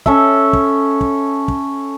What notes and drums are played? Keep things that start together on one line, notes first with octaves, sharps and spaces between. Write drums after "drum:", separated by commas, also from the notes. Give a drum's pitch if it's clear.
C#4 A4 E5, drum: kick
drum: kick
drum: kick
drum: kick